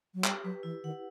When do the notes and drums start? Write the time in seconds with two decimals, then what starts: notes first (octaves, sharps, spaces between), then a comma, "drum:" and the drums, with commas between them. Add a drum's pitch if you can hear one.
0.14 F#3
0.24 G3 G4, drum: clap
0.44 F#3 B4
0.63 E3 E4
0.84 D#3 F#5